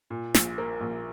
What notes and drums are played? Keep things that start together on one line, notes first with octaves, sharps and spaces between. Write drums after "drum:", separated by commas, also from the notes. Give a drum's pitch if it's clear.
A#2
A#1, drum: snare
A#3
A#1